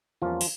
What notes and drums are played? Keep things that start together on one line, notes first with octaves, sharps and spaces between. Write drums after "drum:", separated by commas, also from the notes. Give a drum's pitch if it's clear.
E2 E3 F3 G3 A#3 C#4 F4
drum: open hi-hat